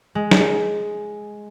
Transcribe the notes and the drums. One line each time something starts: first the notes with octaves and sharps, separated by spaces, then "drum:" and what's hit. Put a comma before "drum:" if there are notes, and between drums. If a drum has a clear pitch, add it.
G#3
drum: snare